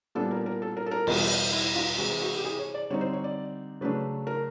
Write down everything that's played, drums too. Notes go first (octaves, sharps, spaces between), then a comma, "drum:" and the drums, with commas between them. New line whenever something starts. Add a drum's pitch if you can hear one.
A#2 G3 B3 D4 A4
A#4
A#4
A4
A#4
A4
A#4
E2 B2 G3, drum: cymbal
E4
F4
C3 E3 G#3 F#4
F#4
G4
G#4
C#5
D5
D3 G3 C4 D#4 C#5
C5
C#5
D5
C#3 F#3 A3 D4 B4
A#4